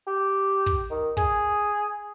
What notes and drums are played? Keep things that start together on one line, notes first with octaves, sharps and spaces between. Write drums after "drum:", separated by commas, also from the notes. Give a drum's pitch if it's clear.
G4
drum: kick
D#3
G#4, drum: kick